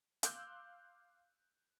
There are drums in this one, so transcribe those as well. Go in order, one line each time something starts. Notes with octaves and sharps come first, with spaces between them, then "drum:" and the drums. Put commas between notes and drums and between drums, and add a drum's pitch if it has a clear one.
F5 C6 D6 E6 F#6 G6, drum: hi-hat